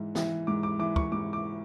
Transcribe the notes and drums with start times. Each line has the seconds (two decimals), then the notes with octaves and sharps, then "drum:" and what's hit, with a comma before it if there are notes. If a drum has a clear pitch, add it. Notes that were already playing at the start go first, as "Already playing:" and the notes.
Already playing: G#2 E3
0.15 E3, drum: snare
0.47 G#2 D6
0.63 D6
0.79 E3 D6
0.96 C#6, drum: kick
1.12 G#2 D6
1.33 D6